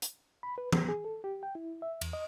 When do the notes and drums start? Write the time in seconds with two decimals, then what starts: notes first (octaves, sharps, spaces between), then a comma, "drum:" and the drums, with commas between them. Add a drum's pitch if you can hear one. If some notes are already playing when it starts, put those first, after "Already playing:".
0.02 drum: hi-hat
0.43 B5
0.58 B4
0.72 B3, drum: tom E3
0.89 G#4
1.05 A4
1.24 G4
1.43 G5
1.55 E4
1.82 E5
2.01 E2, drum: cymbal
2.13 D#5